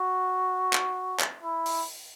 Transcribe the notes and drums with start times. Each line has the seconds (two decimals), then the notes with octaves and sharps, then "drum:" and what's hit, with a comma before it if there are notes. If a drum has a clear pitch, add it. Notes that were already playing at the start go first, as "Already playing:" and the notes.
Already playing: F#4
0.73 drum: clap
1.20 drum: clap
1.43 E4
1.66 drum: open hi-hat